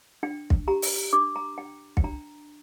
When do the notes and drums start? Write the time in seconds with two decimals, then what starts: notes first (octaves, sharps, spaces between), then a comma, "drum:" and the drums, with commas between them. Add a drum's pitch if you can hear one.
0.23 D4 G5
0.50 drum: kick
0.67 G4 A#5
0.82 drum: open hi-hat
1.13 D4 D6
1.36 A#5
1.58 D4 G5
1.97 G5, drum: kick
2.04 D4 A#5